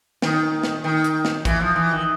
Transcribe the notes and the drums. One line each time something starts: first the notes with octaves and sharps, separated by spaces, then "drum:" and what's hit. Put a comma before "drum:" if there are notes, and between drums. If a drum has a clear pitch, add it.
D#3, drum: snare
drum: snare
D#3
drum: hi-hat
drum: snare
E3, drum: kick, hi-hat
F3
E3
D#3